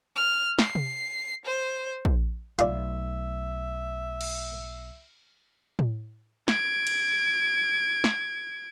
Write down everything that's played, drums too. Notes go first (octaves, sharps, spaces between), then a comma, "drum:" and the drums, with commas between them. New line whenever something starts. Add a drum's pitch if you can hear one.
F6
C7, drum: snare
drum: tom C3
C5
drum: kick A#1
B1 A3 F4 D5 E5, drum: hi-hat
drum: cymbal
drum: tom A2
G#6 D7, drum: snare
drum: cymbal
drum: snare